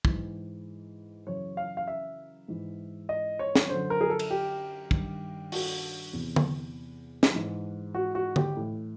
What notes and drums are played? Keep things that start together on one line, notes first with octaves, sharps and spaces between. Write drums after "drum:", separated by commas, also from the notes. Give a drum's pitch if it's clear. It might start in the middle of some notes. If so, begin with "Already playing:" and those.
G#2 E3, drum: kick
F#2 C#3 E3 C#5
F5
F5
E5
G#2 E3
D#5
C#5
drum: snare
F#2 D3 C5
A#4
G#4
A4
drum: cymbal
G4
G2 D#3, drum: kick
F#4, drum: open hi-hat
E2 C3 E3
drum: tom D3
drum: snare
G#2 E3
F#4
F#4
G4, drum: tom D3
A2 E3